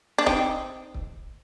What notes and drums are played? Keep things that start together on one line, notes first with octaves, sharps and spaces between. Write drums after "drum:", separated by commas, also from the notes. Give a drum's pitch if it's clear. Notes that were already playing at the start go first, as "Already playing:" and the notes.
D4
C4 D#4, drum: kick
drum: kick